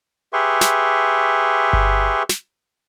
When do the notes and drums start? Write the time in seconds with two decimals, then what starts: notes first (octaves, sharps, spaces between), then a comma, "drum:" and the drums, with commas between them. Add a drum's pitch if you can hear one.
0.33 G4 G#4 B4 E5 C6 C#6
0.61 drum: snare
1.73 drum: kick G1
2.29 drum: snare